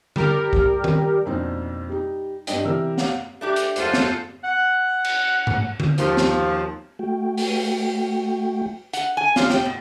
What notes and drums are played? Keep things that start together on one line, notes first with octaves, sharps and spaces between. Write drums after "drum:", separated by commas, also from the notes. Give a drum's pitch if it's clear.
G3 G4 A#4, drum: tom D3
drum: kick
drum: tom D#3
F2 B2 A#3 C4 D4 D#4
G3 D#4
G2 G3 B3 D4 D#5 G5, drum: hi-hat
C3 E3 G3 A#4 E6
F5 F#5, drum: snare
A3 D4 G4
drum: hi-hat
F#2 F4 A4 C5 F#5, drum: hi-hat
drum: snare
F#5
drum: cymbal
drum: tom G#2
drum: tom D3
D#2 F3, drum: hi-hat
drum: snare
A3 F#4 G5
drum: open hi-hat
F#5, drum: hi-hat
G#5
F4, drum: snare
G5, drum: snare
B2